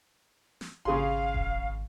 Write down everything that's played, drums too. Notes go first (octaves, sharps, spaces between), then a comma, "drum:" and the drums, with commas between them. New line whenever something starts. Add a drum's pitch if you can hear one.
drum: snare
G#1 C#3 G#4 F5 C6
drum: kick D#1